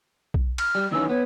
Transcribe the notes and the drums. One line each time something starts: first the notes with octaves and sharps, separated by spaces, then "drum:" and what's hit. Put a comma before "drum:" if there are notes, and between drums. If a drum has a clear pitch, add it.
drum: kick B1
F6, drum: cymbal
G3
D#3 E3 C#4 E6
B3 C#5